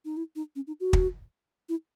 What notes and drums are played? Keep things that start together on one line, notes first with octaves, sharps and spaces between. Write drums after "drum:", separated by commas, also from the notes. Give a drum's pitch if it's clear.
D#4
E4
D#4
C#4
D#4
F#4
drum: kick
E4